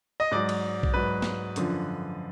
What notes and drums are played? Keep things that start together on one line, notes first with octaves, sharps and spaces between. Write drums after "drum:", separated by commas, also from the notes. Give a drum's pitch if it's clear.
D#5
G#2 F#3 D5
drum: cymbal
drum: kick B1
G#2 F#3 B4
drum: snare
F#2 D3 F3, drum: hi-hat